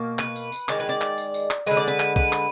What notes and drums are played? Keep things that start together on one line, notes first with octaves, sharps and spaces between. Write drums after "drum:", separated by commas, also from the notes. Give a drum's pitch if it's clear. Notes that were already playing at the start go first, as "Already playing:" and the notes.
Already playing: B2 A#3
B4, drum: clap
drum: tambourine
drum: tambourine
D#3 G#3 D5, drum: clap
B4
D5
drum: clap
drum: tambourine
drum: tambourine
drum: clap
D3 G#3 B4, drum: tambourine
D5
B4
drum: clap
B4, drum: kick
drum: clap